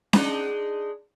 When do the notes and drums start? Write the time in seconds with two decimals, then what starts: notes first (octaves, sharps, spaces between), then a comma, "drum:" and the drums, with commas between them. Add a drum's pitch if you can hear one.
0.13 G#3 D4 D#4, drum: snare C#4